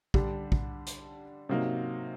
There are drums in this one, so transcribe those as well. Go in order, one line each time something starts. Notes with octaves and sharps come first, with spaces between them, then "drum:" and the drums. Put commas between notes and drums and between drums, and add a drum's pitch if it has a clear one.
D3 G3 D4 G4, drum: kick
drum: kick
drum: hi-hat
C3 F#3 A#3 D#4